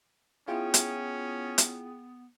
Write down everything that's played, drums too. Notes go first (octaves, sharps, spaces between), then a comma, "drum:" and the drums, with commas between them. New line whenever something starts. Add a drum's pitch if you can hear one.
B3 C#4 E4 F4 G#4 G5
drum: hi-hat
drum: hi-hat